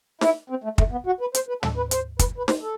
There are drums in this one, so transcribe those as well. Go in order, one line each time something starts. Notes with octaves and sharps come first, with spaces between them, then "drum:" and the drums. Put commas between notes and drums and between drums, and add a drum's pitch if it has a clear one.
E4, drum: snare
C4
A3
A3, drum: kick
B3
F#4
B4
C5, drum: hi-hat
B4
A4, drum: tom
B4
C5, drum: hi-hat
B4, drum: kick, hi-hat
B4
C5, drum: snare
A4